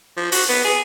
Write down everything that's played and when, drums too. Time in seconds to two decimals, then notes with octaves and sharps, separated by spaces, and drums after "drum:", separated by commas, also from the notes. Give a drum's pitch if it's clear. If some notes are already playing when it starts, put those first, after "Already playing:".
0.17 F3
0.32 F#4, drum: open hi-hat
0.49 B3
0.65 G#4